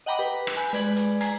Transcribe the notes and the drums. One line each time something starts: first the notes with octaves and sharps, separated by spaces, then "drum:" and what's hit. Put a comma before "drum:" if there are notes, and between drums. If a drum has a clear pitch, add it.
D#5 F#5 G5 A#5 B5 D6
G4 B4
drum: rim click
G#5 B5 F#6 G6
G#3 B4 D5 G#6 F#7, drum: hi-hat
drum: hi-hat
G#5 A#5 G#6 B6 C7, drum: hi-hat